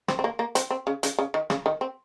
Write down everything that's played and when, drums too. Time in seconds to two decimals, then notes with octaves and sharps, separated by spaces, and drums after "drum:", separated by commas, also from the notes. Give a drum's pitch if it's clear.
0.08 C4, drum: rim click
0.19 C4
0.24 A#3
0.39 A#3
0.55 C4, drum: hi-hat
0.71 C4
0.87 C#3
1.03 C#3, drum: hi-hat
1.19 C#3
1.34 D#3
1.50 C#3, drum: rim click
1.66 D#3
1.81 C4